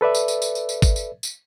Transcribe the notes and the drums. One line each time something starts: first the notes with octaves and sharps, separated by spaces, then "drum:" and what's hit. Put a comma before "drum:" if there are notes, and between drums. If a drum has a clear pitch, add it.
A4 B4 D5 E5
drum: tambourine
drum: tambourine
drum: tambourine
drum: tambourine
drum: tambourine
drum: kick G#1, tambourine
drum: tambourine
drum: tambourine